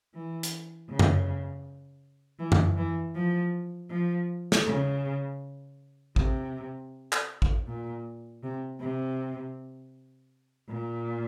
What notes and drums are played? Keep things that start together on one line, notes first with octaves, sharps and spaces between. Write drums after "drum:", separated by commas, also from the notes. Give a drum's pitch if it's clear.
E3
drum: hi-hat
C#3
drum: tom F#2
E3
drum: tom F#2
E3
F3
F3
drum: snare
C#3
C3, drum: kick
drum: clap
drum: kick
A#2
C3
C3
A#2